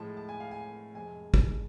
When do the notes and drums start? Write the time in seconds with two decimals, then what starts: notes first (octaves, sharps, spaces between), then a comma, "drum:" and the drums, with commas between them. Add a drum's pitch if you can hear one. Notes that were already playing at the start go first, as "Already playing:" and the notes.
Already playing: A2 F3 G#3 A5
0.17 A5
0.29 G#5
0.40 F5
0.51 G#5
0.94 F2 C3 G#3 G#5
1.34 drum: kick